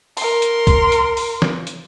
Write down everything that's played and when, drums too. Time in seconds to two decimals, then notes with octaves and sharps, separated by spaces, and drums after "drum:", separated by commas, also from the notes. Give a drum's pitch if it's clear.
0.17 A#4 C6, drum: open hi-hat
0.42 drum: hi-hat
0.67 drum: kick, hi-hat
0.92 drum: hi-hat
1.17 drum: open hi-hat
1.42 drum: snare
1.67 drum: hi-hat